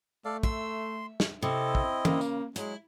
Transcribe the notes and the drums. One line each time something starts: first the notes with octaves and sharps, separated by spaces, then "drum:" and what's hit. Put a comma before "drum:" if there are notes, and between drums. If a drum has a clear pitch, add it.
A3 A4 D5 F5
E5 C6, drum: kick
drum: snare
C3 C4 E4 A4 D#5
drum: kick
C#3 A#3, drum: tom
drum: tambourine
F#3 G#3 E4, drum: hi-hat